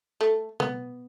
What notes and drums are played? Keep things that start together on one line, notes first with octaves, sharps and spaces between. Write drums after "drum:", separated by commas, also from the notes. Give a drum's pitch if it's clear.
A3
B3, drum: tom B2